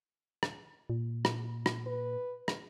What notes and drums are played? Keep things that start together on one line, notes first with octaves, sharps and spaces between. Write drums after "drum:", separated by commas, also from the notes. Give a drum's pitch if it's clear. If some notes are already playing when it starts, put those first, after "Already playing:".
drum: rim click
A#2
drum: rim click
drum: rim click
B4
drum: rim click